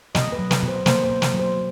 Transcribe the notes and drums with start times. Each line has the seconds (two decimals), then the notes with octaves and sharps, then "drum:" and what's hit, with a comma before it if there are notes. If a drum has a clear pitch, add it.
0.15 B2 D#5, drum: snare
0.32 B4
0.39 F#3
0.51 B4, drum: snare
0.63 B2
0.68 C5
0.86 A#3 C5, drum: snare
1.04 C5
1.10 B2
1.22 drum: snare
1.34 F#3
1.39 C5